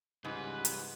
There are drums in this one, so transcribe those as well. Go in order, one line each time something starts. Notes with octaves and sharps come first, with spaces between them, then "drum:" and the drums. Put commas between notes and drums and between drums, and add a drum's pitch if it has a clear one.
C#2 G#2 E3 G3 B4
drum: hi-hat